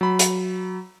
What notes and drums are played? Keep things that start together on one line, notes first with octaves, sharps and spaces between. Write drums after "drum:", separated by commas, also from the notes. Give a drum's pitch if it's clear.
F#3 B5
drum: hi-hat